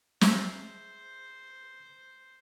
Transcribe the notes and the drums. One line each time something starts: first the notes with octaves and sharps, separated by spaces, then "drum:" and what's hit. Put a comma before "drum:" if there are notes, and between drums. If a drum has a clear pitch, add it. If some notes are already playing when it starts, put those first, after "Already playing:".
G#4 C5 E5, drum: snare